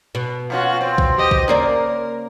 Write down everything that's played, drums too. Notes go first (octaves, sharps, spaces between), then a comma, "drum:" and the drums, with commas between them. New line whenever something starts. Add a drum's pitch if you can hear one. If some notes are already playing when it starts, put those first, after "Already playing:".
B2
A#2 C#4 F4 F#4
C4
drum: kick
G4 D#5
drum: kick
C#3 A#3 A#4 D5